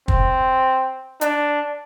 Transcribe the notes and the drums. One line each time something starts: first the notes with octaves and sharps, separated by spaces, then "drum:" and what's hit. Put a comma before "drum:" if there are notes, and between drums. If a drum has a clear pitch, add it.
C4, drum: kick
D4, drum: hi-hat